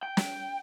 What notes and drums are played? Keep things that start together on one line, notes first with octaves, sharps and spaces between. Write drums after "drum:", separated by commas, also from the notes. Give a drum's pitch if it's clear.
G5
drum: snare